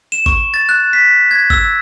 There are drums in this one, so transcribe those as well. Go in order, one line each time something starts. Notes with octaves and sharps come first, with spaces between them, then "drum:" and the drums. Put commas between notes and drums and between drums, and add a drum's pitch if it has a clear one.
E7
C#6, drum: kick G#1
A6
F#6
B6
G#6
E6, drum: kick G#1